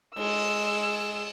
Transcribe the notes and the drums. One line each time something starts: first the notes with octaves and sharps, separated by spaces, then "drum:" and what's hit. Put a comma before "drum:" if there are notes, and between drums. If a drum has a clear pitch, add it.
G#3 E6, drum: cymbal